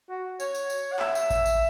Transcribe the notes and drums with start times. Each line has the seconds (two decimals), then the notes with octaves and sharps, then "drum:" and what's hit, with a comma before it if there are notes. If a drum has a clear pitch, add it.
0.09 F#4
0.40 C#5, drum: tambourine
0.55 drum: tambourine
0.70 drum: tambourine
0.92 F#5
0.99 E5, drum: clap
1.15 drum: tambourine
1.30 drum: kick A1, tambourine
1.46 drum: tambourine